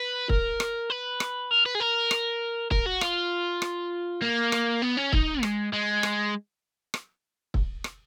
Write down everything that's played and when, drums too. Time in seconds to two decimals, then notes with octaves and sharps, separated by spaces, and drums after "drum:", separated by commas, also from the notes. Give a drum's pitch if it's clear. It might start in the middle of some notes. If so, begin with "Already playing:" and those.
Already playing: B4
0.29 A#4, drum: kick
0.60 drum: rim click
0.90 B4
1.20 drum: rim click
1.51 A#4
1.66 B4
1.75 G#4
1.80 A#4
2.11 drum: rim click
2.71 A#4, drum: kick
2.86 F#4
3.01 F4, drum: rim click
3.62 drum: rim click
4.22 A#3
4.52 drum: rim click
4.82 B3
4.97 C#4
5.13 D#4, drum: kick
5.43 G#3, drum: rim click
5.73 G#3
6.03 drum: rim click
6.94 drum: rim click
7.54 drum: kick
7.84 drum: rim click